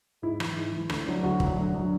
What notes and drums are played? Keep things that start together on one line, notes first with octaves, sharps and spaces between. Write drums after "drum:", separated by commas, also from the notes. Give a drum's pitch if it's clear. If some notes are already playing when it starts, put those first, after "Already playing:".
G#2 E4
E3, drum: rim click
G#2
E3
D2, drum: rim click
D3 F#3
D2 F#4
D3 F#3, drum: kick
D2
D3 F#3